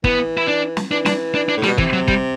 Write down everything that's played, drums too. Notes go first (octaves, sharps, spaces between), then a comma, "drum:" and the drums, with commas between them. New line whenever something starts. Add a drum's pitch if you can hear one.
E3 B3, drum: kick
E4
D4
drum: snare
E3 D4
D4, drum: snare
D4
D4
A2
G3, drum: snare
B2
C3 E3, drum: kick
F#3
G3, drum: kick